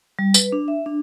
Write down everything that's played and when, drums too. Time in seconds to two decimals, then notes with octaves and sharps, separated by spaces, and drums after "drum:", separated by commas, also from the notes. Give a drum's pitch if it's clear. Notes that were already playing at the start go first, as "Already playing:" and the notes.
0.19 G3
0.34 B4, drum: tambourine
0.52 D4
0.68 E5
0.86 D4